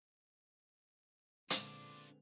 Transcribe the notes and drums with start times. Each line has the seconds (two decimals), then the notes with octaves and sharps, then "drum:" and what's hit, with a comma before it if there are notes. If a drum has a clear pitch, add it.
1.50 A#2 D3 G#3 B3 C4 D4 F4 D6, drum: hi-hat